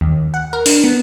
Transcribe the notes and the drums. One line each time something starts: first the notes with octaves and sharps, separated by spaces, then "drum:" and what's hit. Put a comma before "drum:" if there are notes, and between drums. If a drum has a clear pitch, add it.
D#2
F#5
A#4
D4, drum: open hi-hat
B3